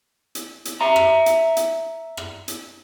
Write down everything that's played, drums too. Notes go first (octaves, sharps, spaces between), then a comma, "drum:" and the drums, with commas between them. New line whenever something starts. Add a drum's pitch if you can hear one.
drum: hi-hat
drum: hi-hat
E5 A#5
drum: rim click
drum: hi-hat
drum: hi-hat
drum: rim click
drum: hi-hat